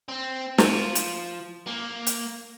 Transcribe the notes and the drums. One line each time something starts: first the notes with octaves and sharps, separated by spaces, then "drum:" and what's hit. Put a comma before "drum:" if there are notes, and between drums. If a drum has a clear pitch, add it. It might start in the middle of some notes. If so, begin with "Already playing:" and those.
C4
F3, drum: snare
drum: hi-hat
A#3
drum: hi-hat